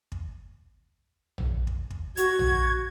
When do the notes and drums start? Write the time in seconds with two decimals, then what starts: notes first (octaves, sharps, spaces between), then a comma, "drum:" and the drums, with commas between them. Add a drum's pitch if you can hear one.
0.12 drum: kick
1.38 drum: tom A#1
1.67 drum: kick
1.90 drum: kick
2.17 F#4 G#6, drum: hi-hat
2.39 drum: tom A#1